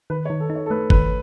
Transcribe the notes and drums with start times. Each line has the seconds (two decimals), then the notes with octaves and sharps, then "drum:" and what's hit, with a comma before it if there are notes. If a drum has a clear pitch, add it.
0.10 D#3 B4
0.25 C#5
0.30 D#3
0.40 A4
0.50 D#4
0.55 C#5
0.66 A4
0.70 A3 B4
0.90 D#3 B4, drum: kick